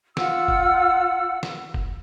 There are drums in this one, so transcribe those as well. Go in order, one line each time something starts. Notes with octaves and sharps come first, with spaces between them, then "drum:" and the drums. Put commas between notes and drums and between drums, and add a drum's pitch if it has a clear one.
F4 F#5 E6, drum: snare
drum: kick
drum: snare
drum: kick